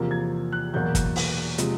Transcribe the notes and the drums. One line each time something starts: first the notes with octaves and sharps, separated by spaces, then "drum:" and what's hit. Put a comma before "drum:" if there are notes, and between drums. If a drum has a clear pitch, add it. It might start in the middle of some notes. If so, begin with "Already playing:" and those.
Already playing: E2 C3 F3 A#3
G#6
F#6
E2 B2 F#3 A#3 G6
drum: kick, hi-hat
drum: open hi-hat
C3 F3 G#3, drum: hi-hat